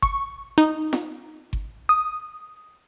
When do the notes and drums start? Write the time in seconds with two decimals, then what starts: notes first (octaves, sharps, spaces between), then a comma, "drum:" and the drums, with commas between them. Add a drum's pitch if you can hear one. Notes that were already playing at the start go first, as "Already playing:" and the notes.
0.03 C#6, drum: kick G1
0.58 D#4
0.93 drum: snare F4
1.53 drum: kick G1
1.89 D#6